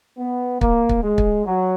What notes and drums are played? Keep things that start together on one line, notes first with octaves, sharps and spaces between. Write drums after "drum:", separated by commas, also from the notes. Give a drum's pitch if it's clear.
B3
A#3, drum: kick
drum: kick
G#3
drum: kick
F#3